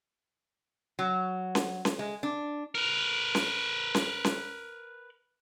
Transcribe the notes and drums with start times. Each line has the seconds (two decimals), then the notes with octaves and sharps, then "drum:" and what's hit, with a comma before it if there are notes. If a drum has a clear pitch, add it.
0.99 F#3
1.55 drum: snare C#4
1.85 drum: snare C#4
1.99 G#3
2.23 D4
2.75 A#4 B4
3.35 drum: snare C#4
3.95 drum: snare C#4
4.24 drum: snare C#4